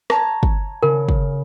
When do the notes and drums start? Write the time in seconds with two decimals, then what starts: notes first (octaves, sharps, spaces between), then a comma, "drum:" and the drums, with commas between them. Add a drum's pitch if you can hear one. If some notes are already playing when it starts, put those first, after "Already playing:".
0.10 C#5 A5 A#5, drum: rim click
0.43 drum: kick
0.83 C#3 A#4
1.09 drum: kick